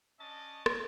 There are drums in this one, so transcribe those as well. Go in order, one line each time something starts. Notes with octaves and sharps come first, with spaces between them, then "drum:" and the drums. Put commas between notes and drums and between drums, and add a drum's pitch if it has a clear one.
C#4 D4 D#5 A5
drum: rim click